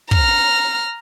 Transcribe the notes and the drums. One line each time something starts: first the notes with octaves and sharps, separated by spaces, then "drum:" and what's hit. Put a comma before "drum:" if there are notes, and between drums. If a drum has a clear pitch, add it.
A#5 F6, drum: kick